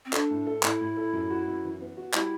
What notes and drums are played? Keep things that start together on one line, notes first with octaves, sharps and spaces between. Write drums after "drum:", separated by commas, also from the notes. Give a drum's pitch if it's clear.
C4
D4 A4, drum: clap
A2
A4
A2 E4, drum: clap
A2
A4
F#2
F#4
F#2
E3
B3
F#4
G3 E4, drum: clap